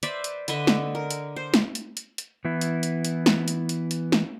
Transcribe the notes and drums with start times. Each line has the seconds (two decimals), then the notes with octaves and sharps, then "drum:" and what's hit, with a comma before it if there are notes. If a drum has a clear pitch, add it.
0.03 B4 C5 D5 E5, drum: hi-hat
0.24 drum: hi-hat
0.48 D3 B4 D#5 E5, drum: hi-hat
0.67 drum: snare
0.95 A#4
1.10 drum: hi-hat
1.36 C5
1.54 drum: snare
1.75 drum: hi-hat
1.97 drum: hi-hat
2.18 drum: hi-hat
2.45 E3 B3 E4
2.61 drum: hi-hat
2.83 drum: hi-hat
3.05 drum: hi-hat
3.26 drum: snare
3.48 drum: hi-hat
3.69 drum: hi-hat
3.91 drum: hi-hat
4.12 drum: snare